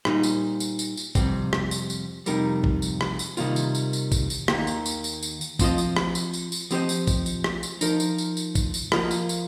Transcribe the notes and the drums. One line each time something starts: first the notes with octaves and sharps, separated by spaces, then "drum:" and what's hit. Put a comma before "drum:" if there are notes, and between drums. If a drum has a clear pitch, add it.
A#2 G3 D#4 C5, drum: rim click
drum: tambourine
drum: tambourine
drum: tambourine
drum: tambourine
F2 C3 G3 C4, drum: kick, tambourine
drum: rim click
drum: tambourine
drum: tambourine
F2 C3 G3 D#4 A#4, drum: tambourine
drum: kick
drum: tambourine
drum: rim click
drum: tambourine
C3 D#3 G3 A#3 F4, drum: tambourine
drum: tambourine
drum: tambourine
drum: tambourine
drum: kick, tambourine
drum: tambourine
D#2 D#3 A#3 D#4, drum: rim click
drum: tambourine
drum: tambourine
drum: tambourine
drum: tambourine
drum: tambourine
F3 C4 F4 D#5, drum: kick, tambourine
drum: tambourine
drum: rim click
drum: tambourine
drum: tambourine
drum: tambourine
F3 C4 G4 C5 D#5, drum: tambourine
drum: tambourine
drum: kick, tambourine
drum: tambourine
drum: rim click
drum: tambourine
F3 D#4 A#4, drum: tambourine
drum: tambourine
drum: tambourine
drum: tambourine
drum: kick, tambourine
drum: tambourine
F3 A#3 F4 A#4 D#5, drum: rim click
drum: tambourine
drum: tambourine